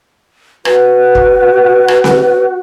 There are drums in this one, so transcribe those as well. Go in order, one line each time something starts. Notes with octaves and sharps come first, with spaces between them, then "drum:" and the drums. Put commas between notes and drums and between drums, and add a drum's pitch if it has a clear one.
F#4 B4, drum: rim click
drum: kick
drum: rim click
drum: snare C4